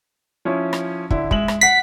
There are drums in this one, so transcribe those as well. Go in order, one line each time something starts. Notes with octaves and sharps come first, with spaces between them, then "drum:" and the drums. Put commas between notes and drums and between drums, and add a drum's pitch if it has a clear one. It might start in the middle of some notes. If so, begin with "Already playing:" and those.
F3 C#4 E4
drum: rim click
D3 E4, drum: kick
G#3 E5 F#7, drum: kick
drum: rim click
F#5 B6 C7